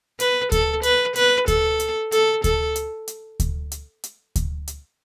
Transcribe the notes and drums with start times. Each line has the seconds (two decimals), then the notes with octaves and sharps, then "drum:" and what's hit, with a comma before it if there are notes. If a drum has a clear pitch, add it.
0.20 B4, drum: hi-hat
0.52 A4, drum: kick D2, hi-hat
0.83 B4, drum: hi-hat
1.16 B4, drum: hi-hat
1.48 A4, drum: kick D2, hi-hat
1.80 drum: hi-hat
2.12 A4, drum: hi-hat
2.44 A4, drum: kick D2, hi-hat
2.76 drum: hi-hat
3.08 drum: hi-hat
3.40 drum: kick D2, hi-hat
3.72 drum: hi-hat
4.04 drum: hi-hat
4.36 drum: kick D2, hi-hat
4.68 drum: hi-hat